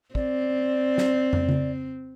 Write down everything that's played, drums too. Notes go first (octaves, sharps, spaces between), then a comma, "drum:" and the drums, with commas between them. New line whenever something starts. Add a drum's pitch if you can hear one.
C4 D5, drum: kick
drum: snare
drum: tom
drum: tom C#3